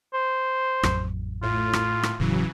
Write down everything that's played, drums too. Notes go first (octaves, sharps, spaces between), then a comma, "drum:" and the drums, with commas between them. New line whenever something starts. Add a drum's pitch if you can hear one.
C5
A1 F2 F#3, drum: rim click
A2 F4
drum: rim click
drum: rim click
E1 A2 C#3 E3 F#3